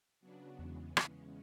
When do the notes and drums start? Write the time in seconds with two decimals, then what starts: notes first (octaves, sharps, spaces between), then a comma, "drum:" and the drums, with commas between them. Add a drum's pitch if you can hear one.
0.20 C#3 F#3 B3 D4 F#4
0.59 E2 C#3 E3 G#3 B3
0.97 E2 C#3 G#3 C#4, drum: rim click